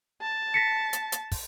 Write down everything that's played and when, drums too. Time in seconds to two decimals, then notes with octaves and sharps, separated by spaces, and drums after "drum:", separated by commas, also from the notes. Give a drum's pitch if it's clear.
0.22 A5
0.54 A#6 B6 C#7
0.93 drum: hi-hat
1.12 drum: hi-hat
1.32 drum: kick, open hi-hat